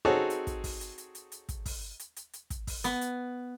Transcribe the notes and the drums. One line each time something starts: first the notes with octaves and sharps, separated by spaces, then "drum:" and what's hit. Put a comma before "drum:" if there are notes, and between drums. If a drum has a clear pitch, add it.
C4 D#4 F#4 G#4 A4 C#5
drum: hi-hat
drum: kick, hi-hat
drum: kick, open hi-hat
drum: hi-hat
drum: hi-hat
drum: hi-hat
drum: hi-hat
drum: kick, hi-hat
drum: kick, open hi-hat
drum: hi-hat
drum: hi-hat
drum: hi-hat
drum: kick, hi-hat
drum: kick, open hi-hat
B3, drum: hi-hat
drum: hi-hat